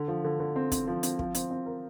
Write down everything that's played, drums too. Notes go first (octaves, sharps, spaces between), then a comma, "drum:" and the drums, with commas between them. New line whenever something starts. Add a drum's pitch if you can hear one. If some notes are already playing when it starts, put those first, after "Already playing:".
Already playing: D3
F3
D3
D3
C4
C4, drum: kick, hi-hat
F3
C4, drum: hi-hat
F3, drum: kick
C4, drum: hi-hat
C4
A#4